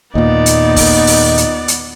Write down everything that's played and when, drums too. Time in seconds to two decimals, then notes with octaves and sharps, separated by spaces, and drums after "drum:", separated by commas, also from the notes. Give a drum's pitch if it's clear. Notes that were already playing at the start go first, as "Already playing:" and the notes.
0.15 D#2 A#2 B3 D#4 D5
0.46 drum: hi-hat
0.76 drum: kick, open hi-hat
1.07 drum: open hi-hat
1.37 drum: hi-hat
1.68 drum: hi-hat